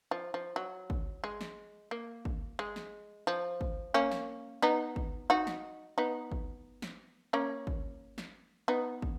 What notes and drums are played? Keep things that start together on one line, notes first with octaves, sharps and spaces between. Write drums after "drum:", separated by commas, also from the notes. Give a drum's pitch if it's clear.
F3
F3
F#3
drum: kick
G#3
drum: snare
A#3
drum: kick
G#3
drum: snare
F3
drum: kick
A#3 C#4
drum: snare
B3 D#4
drum: kick
D#4 F#4
drum: snare
B3 D#4
drum: kick
drum: snare
A#3 C#4
drum: kick
drum: snare
B3 D#4
drum: kick